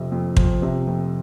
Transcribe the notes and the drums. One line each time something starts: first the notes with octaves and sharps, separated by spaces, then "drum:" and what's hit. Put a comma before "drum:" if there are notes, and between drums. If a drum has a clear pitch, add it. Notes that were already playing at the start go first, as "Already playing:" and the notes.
Already playing: F2 C3
F2
F3, drum: kick
C3
F2